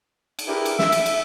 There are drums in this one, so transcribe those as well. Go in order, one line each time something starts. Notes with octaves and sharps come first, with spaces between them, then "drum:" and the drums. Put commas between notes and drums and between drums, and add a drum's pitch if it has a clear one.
drum: cymbal
D4 E4 G4 G#4 A#4 B4
drum: cymbal
E5, drum: snare
drum: cymbal
drum: cymbal